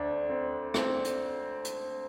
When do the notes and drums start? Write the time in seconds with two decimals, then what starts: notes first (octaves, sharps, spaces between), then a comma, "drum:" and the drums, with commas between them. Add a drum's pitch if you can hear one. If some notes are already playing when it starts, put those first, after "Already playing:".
Already playing: D2 C4 D4
0.30 C4
0.74 C4, drum: rim click
1.05 drum: hi-hat
1.65 drum: hi-hat